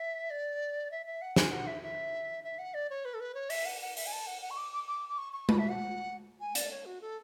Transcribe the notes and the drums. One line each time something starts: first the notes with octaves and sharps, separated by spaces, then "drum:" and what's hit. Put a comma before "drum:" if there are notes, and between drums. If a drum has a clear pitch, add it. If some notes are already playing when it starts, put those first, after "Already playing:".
Already playing: E5
D5
E5
E5
F#5
G#5, drum: snare
F#5
E5
E5
E5
F#5
D5
C#5
B4
A4
B4
C#5
E5, drum: open hi-hat
F#5
F#5
E5, drum: open hi-hat
G#5
A5
F#5
F#5
C#6
D6
D6
D6
D6
C#6
C#6
B5, drum: tom G#3
E5
F#5
G#5
D5, drum: hi-hat
C#5
F#4
A4